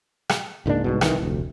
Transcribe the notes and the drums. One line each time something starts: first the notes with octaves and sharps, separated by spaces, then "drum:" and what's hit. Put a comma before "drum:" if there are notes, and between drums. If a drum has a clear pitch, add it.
drum: rim click
C#2 G#2 A#3 D4
C2 G#2 B2
C2 D#3 E3, drum: rim click
F1 D2